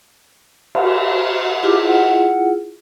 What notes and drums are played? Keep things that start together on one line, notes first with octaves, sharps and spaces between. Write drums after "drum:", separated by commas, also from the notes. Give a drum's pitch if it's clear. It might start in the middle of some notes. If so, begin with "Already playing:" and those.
drum: cymbal
E4 F4 G4 G#4
F#5